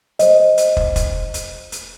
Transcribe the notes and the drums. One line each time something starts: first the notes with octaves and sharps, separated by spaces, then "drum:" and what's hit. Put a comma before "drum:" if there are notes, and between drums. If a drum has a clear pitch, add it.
C5 D#5, drum: hi-hat
drum: hi-hat
drum: kick
drum: kick, hi-hat
drum: hi-hat
drum: hi-hat